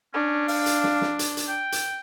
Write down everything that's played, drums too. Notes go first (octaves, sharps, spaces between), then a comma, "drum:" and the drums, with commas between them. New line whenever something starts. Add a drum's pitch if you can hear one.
C#4 D4
F5, drum: open hi-hat
drum: hi-hat
drum: snare
drum: snare
drum: hi-hat
drum: hi-hat
G5
drum: hi-hat